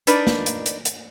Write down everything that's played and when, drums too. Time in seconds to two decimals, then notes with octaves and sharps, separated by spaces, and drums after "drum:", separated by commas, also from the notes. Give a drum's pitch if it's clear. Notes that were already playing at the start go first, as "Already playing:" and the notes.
0.07 D4 D#4 A#4 B4 D5 D#5, drum: hi-hat
0.27 drum: snare
0.46 drum: hi-hat
0.66 drum: hi-hat
0.85 drum: hi-hat